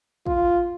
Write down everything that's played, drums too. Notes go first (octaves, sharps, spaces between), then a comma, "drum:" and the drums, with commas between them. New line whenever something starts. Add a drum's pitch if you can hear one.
F4, drum: kick